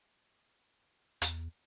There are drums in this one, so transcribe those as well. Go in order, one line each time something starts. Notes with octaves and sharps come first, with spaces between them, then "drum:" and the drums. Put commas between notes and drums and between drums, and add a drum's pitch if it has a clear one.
E2, drum: hi-hat